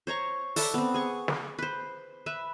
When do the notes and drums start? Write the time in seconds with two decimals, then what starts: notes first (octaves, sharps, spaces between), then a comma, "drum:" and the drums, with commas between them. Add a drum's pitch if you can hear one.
0.07 C5 C#5 A#5 C#6
0.56 A4 D5 E5 A5, drum: open hi-hat
0.74 B3 C4
0.94 G#4 C#6
1.28 drum: snare
1.59 B4 C5
2.26 B4 E5